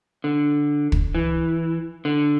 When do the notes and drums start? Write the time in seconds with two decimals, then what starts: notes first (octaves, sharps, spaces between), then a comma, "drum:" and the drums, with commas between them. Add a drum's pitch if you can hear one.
0.24 D3
0.92 drum: kick
1.15 E3
2.05 D3